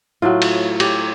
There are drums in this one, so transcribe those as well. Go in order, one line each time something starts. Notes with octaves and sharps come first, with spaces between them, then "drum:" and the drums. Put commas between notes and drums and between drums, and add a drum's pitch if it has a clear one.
A2 F#3 F4
drum: cymbal
G4, drum: cymbal